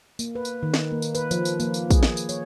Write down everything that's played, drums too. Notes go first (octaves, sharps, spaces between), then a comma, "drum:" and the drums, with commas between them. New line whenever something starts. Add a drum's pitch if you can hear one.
A#3, drum: tambourine
B4
drum: tambourine
D#3
drum: snare
A#3
drum: tambourine
B4, drum: tambourine
F3, drum: tambourine
drum: tambourine
A#3, drum: tambourine
drum: tambourine
G#4, drum: kick, tambourine
drum: snare
drum: tambourine
C#5, drum: tambourine